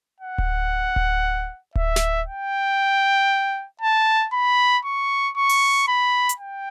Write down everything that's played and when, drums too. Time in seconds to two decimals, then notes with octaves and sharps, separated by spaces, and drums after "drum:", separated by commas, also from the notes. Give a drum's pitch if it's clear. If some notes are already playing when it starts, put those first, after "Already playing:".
0.20 F#5
0.38 drum: kick D1
0.96 drum: kick D1
1.75 E5, drum: kick D1
1.96 drum: snare
2.27 G5
3.81 A5
4.33 B5
4.85 C#6
5.37 C#6
5.49 drum: open hi-hat
5.88 B5
6.29 drum: hi-hat
6.39 G5